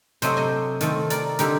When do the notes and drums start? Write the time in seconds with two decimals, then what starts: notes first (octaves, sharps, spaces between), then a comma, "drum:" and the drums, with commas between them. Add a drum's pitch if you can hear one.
0.22 C3 F#3 A3 C4 C5 D#5, drum: hi-hat
0.37 C5 D#5
0.81 D#3 A3 C4, drum: hi-hat
1.10 A#4 D5, drum: hi-hat
1.39 D3 G3 C4 D#4 G4 A#4, drum: hi-hat